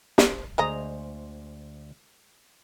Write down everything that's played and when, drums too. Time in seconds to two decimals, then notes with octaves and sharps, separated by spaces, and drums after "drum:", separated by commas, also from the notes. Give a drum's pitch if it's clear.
0.18 C5, drum: snare
0.58 D2 G#3 C5 D#5 G#5 A#5